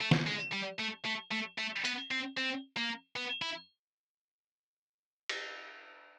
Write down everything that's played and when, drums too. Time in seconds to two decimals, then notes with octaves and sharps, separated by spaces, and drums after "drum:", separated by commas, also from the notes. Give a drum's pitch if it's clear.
0.01 A3
0.11 drum: snare
0.27 G#3
0.53 G3
0.80 A3
1.05 A3
1.31 A3
1.58 A3
1.85 B3, drum: hi-hat
2.11 C4
2.38 C4
2.77 A#3
3.16 B3
3.42 E4
5.29 drum: cymbal